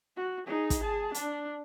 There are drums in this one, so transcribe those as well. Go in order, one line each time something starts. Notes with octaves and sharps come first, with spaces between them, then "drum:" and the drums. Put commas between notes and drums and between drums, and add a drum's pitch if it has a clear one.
F#4
D#4 G#4
drum: kick, hi-hat
G#4 A5
D4, drum: hi-hat